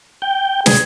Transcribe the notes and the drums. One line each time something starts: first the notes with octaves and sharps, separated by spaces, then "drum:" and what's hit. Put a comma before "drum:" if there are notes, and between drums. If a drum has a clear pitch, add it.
G5
G#4, drum: snare